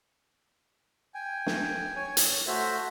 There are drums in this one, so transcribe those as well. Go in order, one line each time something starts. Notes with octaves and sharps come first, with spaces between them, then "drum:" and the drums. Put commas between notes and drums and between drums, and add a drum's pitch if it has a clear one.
G5 G#5
drum: snare
C#5 G#5
drum: hi-hat
A3 F#4 C5 E5